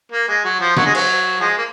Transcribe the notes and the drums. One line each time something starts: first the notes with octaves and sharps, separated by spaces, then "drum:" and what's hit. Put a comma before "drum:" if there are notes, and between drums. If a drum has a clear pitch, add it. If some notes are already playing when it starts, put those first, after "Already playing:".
A#3
G#3
F#3
F3
F#3, drum: snare
G#3
F#3, drum: cymbal
F3 G#3
A#3